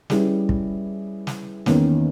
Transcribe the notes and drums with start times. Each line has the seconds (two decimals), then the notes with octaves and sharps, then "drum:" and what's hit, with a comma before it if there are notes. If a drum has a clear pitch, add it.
0.10 G3 C#4 E4 G#4 B4, drum: snare
0.49 drum: kick
1.27 drum: snare
1.66 E2 D#3 A#3 C#4, drum: snare